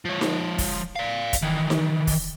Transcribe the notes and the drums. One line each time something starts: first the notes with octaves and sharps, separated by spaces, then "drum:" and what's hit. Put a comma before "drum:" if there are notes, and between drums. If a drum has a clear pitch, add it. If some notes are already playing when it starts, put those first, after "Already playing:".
F3 C#5
drum: snare D#4
drum: kick, open hi-hat
D5 F5
drum: kick, hi-hat
D#3 E3
drum: snare D#4
drum: kick, open hi-hat